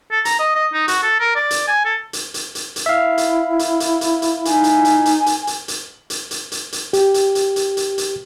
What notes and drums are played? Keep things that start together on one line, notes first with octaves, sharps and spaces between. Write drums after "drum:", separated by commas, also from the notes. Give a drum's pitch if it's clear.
A4
A#5, drum: hi-hat
D#5
D#5
D#4
F#4, drum: hi-hat
A4
A#4
D5
drum: hi-hat
G#5
A4
drum: hi-hat
drum: hi-hat
drum: hi-hat
drum: hi-hat
E4 E5 F5
drum: hi-hat
drum: hi-hat
drum: hi-hat
drum: hi-hat
drum: hi-hat
D#4 G#5, drum: hi-hat
drum: hi-hat
drum: hi-hat
drum: hi-hat
drum: hi-hat
drum: hi-hat
drum: hi-hat
drum: hi-hat
drum: hi-hat
drum: hi-hat
drum: hi-hat
G4, drum: hi-hat
drum: hi-hat
drum: hi-hat
drum: hi-hat
drum: hi-hat
drum: hi-hat